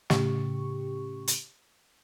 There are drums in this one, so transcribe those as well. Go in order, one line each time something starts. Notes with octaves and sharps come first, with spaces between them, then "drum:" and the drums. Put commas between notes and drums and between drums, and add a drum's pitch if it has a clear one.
A2 C#3 G4 C#6, drum: snare
drum: hi-hat